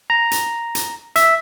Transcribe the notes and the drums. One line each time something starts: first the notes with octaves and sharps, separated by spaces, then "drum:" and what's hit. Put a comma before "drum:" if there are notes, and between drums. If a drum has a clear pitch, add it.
A#5
drum: hi-hat
drum: hi-hat
E5, drum: hi-hat